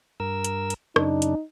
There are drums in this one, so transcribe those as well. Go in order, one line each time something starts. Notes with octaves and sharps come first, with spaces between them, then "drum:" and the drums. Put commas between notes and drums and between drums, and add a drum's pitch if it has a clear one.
G2 A#4 E6
drum: hi-hat
drum: hi-hat
F#2 C#3 D4 D#4, drum: rim click
drum: hi-hat